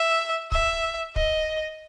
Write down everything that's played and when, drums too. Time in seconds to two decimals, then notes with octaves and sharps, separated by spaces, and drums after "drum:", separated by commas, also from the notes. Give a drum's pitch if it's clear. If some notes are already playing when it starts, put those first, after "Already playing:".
Already playing: E5
0.52 E5, drum: kick
1.16 D#5, drum: kick